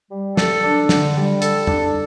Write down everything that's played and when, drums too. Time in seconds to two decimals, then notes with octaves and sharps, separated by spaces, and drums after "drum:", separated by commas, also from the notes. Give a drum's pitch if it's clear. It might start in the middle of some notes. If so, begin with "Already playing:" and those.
0.11 G3
0.37 A4, drum: snare
0.63 D4
0.89 D3, drum: snare
1.16 G3
1.42 A4, drum: hi-hat
1.67 D4, drum: tom E2